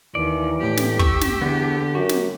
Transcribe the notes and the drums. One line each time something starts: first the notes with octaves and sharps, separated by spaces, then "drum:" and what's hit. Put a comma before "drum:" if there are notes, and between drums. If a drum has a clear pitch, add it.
D#2 E3 D5
A2 G4
drum: snare
C#6 E6, drum: kick
drum: snare
E2 D3 B3
F#2 F#4
drum: snare